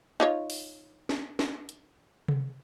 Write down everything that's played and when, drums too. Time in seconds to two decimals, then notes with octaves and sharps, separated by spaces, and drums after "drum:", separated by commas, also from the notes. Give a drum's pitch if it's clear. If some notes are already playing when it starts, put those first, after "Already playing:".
0.20 D#4 F4 C#5
0.50 drum: open hi-hat
1.09 drum: snare
1.39 drum: snare
1.69 drum: hi-hat
2.28 drum: tom C3